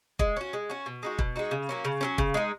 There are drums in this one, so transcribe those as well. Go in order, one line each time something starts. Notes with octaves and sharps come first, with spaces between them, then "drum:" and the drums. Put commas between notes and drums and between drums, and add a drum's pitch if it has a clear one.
G#3, drum: kick
C#4 F#4
G#3
C#4 F#4
B2
G#3 D#4 F#4
B2, drum: kick
G#3 D#4 F#4
C#3
F#3 A#3 C#4
C#3
F#3 A#3 C#4
C#3, drum: kick
G#3 D#4